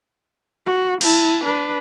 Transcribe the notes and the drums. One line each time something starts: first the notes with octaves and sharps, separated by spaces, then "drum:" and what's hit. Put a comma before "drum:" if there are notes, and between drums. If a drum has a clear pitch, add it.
F#4
E4 A5, drum: cymbal
D4 B4